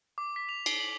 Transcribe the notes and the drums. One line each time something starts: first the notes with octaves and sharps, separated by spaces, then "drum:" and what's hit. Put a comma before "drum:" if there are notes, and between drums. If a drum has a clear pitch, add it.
D6
B6
F7
C7, drum: cymbal
F#7